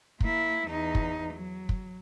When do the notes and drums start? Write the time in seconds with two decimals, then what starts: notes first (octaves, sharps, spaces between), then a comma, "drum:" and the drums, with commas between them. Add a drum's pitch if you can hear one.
0.20 A#3 E4, drum: kick
0.67 E2 D#4
0.95 drum: kick
1.34 F#3
1.69 drum: kick